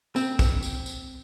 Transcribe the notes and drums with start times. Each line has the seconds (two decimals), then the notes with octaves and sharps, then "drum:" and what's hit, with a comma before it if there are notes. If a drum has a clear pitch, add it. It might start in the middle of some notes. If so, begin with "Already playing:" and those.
0.16 C4, drum: tambourine
0.39 drum: kick, tambourine
0.63 drum: tambourine
0.86 drum: tambourine